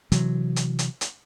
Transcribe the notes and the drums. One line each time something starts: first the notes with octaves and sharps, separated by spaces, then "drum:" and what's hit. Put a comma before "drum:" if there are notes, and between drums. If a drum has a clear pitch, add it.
C3 E3 F#3, drum: hi-hat
drum: hi-hat
drum: hi-hat
drum: hi-hat